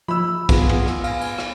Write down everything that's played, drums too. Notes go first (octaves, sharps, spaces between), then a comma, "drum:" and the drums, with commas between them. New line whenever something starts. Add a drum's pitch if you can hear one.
F3 B5 E6
B3 F4 G#4, drum: kick, cymbal
drum: tom
drum: rim click
F5 G#5, drum: cymbal
drum: cymbal
drum: rim click